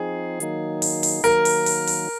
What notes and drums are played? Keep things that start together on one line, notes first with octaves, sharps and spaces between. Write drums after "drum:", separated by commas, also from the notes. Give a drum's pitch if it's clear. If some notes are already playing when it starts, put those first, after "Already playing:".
Already playing: F3 C4 D#4 G#4
D#3 F#3 A#3 D#4, drum: hi-hat
drum: open hi-hat
drum: open hi-hat
D#3 F#3 A#3 A#4, drum: hi-hat
drum: open hi-hat
drum: open hi-hat
drum: open hi-hat